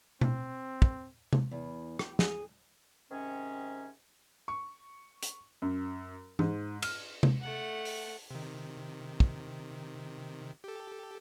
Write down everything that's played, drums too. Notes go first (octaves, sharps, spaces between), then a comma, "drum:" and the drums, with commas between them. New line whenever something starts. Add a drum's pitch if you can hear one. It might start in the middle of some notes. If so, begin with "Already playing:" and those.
C4, drum: tom B2
drum: kick
drum: tom C3
E2
G4, drum: rim click
G#4, drum: snare
G#2 C3 D#3 C#4
C#6
drum: hi-hat
F#2
G#2, drum: tom E3
F6, drum: cymbal
drum: tom C3
A3 F#5
drum: open hi-hat
C3 D#3
drum: kick
G4 A4